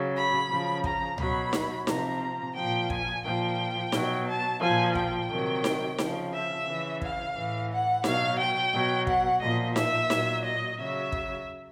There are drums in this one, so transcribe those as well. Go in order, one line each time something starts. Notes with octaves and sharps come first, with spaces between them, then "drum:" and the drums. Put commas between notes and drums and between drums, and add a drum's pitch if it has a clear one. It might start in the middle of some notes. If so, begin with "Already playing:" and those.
Already playing: C#3 F#3
B5
C#3 F3
A#5, drum: kick
B2 F#3 B5, drum: tom C#2
drum: snare D#4
C3 F3 A#5, drum: snare D#4
A#2 F3 G5
G#5, drum: kick
A#2 F3 G5
B2 F#3, drum: snare D#4
A5
A#2 F3 G#5
G5, drum: kick
C3 D#3 F#3
drum: snare D#4
C#3 F3, drum: snare D#4
E5
C#3 E3
F5, drum: kick
A2 E3
F#5
B2 F#3 F5, drum: snare D#4
G5
B2 F#3
F#5, drum: kick
A#2 F3 D#5
E5, drum: snare D#4
A#2 F#3, drum: snare D#4
D#5
C#3 F#3 E5
drum: kick